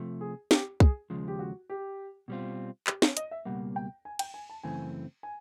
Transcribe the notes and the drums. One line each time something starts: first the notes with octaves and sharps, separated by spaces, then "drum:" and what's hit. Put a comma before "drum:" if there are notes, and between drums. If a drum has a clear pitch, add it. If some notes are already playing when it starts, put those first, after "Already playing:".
Already playing: C3 F3 A3
G#4
G4, drum: snare
G#4, drum: kick
D#2 C#3 F3 G#3
G4
F#4
G4
B2 G3 C4 F4
G4, drum: clap
C#5, drum: snare
D#5, drum: hi-hat
E5
C#2 B2 G3 A#3 F#5
G5
G#5
G5, drum: cymbal
G#5
A5
F#2 C#3 E3 A3 C4 G#5
G#5